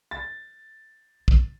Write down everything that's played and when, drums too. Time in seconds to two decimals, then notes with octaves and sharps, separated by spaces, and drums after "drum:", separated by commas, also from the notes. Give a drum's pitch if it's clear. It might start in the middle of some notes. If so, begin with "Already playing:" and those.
0.11 A6
1.28 drum: kick